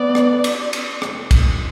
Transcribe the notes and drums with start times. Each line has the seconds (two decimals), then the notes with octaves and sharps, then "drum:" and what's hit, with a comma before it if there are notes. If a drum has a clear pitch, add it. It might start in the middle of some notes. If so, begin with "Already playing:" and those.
Already playing: B3 D5
0.15 drum: rim click
0.44 drum: cymbal
0.73 drum: cymbal
1.02 drum: rim click
1.31 drum: kick, cymbal